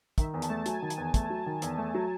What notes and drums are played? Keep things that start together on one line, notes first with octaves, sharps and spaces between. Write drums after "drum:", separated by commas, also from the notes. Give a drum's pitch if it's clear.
D#3 E5, drum: kick, hi-hat
E2
A5, drum: hi-hat
A3
F#3 G#5, drum: hi-hat
D#3
G#5, drum: hi-hat
E2
A3, drum: kick, hi-hat
F#3
D#3
E2, drum: hi-hat
A3
F#3